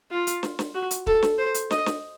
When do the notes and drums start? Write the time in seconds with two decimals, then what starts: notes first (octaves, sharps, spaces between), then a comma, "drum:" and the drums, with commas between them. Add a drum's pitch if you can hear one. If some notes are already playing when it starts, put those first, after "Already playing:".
0.11 F4
0.27 drum: hi-hat
0.43 drum: snare
0.59 drum: snare
0.74 F#4
0.91 drum: hi-hat
1.07 A4, drum: kick
1.23 drum: snare
1.38 C5
1.54 drum: hi-hat
1.71 D#5, drum: snare
1.86 drum: snare